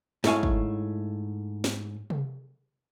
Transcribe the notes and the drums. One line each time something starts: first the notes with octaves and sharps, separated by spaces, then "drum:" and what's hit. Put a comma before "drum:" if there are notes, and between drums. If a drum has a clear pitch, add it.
G#2 A3 E4 C#5 F5 G#5, drum: snare
drum: kick
drum: snare
drum: tom C3